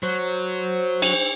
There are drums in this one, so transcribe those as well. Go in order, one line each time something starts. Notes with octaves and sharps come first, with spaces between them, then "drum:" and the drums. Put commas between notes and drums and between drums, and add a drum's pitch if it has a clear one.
F#3 C5
drum: cymbal